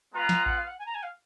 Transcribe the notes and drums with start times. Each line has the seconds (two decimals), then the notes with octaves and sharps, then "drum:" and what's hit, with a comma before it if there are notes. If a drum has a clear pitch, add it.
0.13 G#3 B3 F4 B4 A#5
0.29 drum: snare
0.46 F#5, drum: kick
0.57 F5
0.67 F#5
0.79 G#5
0.86 A#5
0.94 G#5
1.03 F5